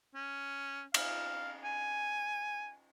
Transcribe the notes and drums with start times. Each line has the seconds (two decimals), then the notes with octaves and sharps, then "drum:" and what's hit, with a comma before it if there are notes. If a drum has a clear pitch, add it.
0.15 C#4
0.94 F5, drum: cymbal
1.64 G#5